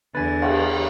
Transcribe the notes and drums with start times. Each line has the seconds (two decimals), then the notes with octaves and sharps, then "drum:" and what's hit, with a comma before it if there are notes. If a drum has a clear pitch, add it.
0.15 E2 D3 B4 G#5 A6
0.42 drum: cymbal